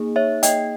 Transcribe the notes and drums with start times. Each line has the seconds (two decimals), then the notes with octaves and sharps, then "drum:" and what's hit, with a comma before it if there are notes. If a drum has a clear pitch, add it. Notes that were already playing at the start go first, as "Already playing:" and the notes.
Already playing: A#3 D#4 G#4
0.16 C#5 E5
0.43 D#5 G5, drum: hi-hat